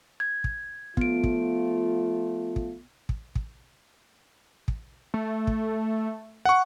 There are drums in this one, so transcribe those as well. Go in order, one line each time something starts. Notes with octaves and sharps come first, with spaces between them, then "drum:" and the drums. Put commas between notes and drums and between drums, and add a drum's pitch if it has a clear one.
G#6
drum: kick
F3 A3 B3 F4 D7, drum: kick
drum: kick
drum: kick
drum: kick
drum: kick
drum: kick
A3
drum: kick
F#5 C#6